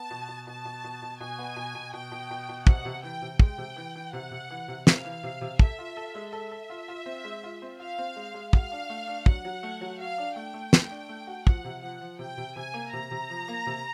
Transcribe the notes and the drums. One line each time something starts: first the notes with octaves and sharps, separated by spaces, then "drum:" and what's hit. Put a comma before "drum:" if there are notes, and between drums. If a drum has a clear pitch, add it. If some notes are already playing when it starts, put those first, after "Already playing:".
Already playing: B3 A5
B2
B2
B2 A5
B2
B2
B2
B2 G#5
B3
B2
B2
B2 G5
B2
B2
B2
C3 F#5, drum: kick
C3
E3 G5
C3
G#3 G5, drum: kick
C3
E3
E3
C3 F#5
C3
E3
C3
C3 F5, drum: snare
E3
C3
C3
A4 E5, drum: kick
F4
A4
G#3
A4 E5
A4
F4
F4
C4
G#3
F4
C4
F4 F5
C4
G#3
G#3
F#4 F5, drum: kick
D4
A3
D4
F#3 F#5, drum: kick
F#3
A3
F#3
F#4 F5
D4
A3 G5
A3
A3, drum: snare
D4
A3
F#4
F3 F#5, drum: kick
C3
F3 F#5
F3
C3 G5
C3
C3 G#5
A#3
C3 A#5
C3
F3
A#3
C3